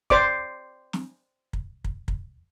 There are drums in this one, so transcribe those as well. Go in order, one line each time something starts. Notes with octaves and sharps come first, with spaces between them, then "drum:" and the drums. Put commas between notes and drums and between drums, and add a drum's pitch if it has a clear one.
C5 D5 D6, drum: kick
drum: snare
drum: kick
drum: kick
drum: kick